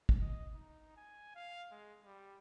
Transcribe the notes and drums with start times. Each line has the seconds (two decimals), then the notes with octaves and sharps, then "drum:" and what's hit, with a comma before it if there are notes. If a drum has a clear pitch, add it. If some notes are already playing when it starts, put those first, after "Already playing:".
0.09 drum: kick
0.21 D#5
0.54 D#4
0.96 G#5
1.35 F5
1.71 G#3
2.04 G3